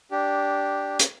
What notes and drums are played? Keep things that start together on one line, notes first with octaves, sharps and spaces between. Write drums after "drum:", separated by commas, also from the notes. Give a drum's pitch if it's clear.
D4 G4
drum: hi-hat